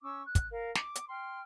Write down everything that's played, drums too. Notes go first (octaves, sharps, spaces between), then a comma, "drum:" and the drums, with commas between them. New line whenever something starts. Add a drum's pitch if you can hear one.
C#4 C#6 D6 E6
F#6
drum: kick, hi-hat
A#4 F5
D6, drum: snare
drum: hi-hat
G5 C6 F6